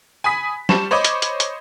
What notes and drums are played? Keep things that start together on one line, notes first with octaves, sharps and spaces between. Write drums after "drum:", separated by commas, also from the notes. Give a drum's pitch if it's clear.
G#5 B5 D#6 B6
G3 C5 A5 C#6 E7, drum: snare
C5 C#5 D#5 B5 D6
drum: hi-hat
drum: hi-hat
drum: hi-hat